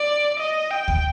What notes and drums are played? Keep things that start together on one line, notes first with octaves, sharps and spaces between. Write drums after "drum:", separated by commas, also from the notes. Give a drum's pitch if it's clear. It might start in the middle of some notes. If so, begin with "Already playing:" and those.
Already playing: D5
D#5
G5
drum: kick D2